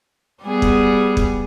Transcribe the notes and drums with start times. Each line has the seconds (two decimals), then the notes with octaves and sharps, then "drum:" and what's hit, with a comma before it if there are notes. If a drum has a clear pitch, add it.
0.44 G3 B3 G#4
0.62 drum: kick
1.17 drum: kick